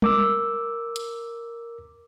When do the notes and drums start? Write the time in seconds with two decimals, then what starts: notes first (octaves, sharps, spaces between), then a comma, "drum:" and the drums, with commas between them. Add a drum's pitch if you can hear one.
0.02 A#4 D6 E6, drum: tom G3
0.96 drum: hi-hat